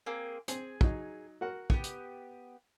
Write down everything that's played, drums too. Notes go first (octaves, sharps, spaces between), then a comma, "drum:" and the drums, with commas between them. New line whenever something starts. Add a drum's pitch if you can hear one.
A#3 C4 G#4
C4 G#4, drum: hi-hat
F#3 D#4, drum: kick
F#4 A#4 F#5
B3 G4, drum: kick
drum: hi-hat